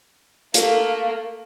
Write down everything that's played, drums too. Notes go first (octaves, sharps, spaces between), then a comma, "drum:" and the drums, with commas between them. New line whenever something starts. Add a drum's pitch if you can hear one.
A3 A#3 F5, drum: hi-hat